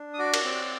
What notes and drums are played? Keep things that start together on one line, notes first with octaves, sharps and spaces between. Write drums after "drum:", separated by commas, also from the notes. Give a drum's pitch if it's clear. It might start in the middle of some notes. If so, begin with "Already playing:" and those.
Already playing: D4
D#6
F#4 D5 D6
drum: cymbal
C4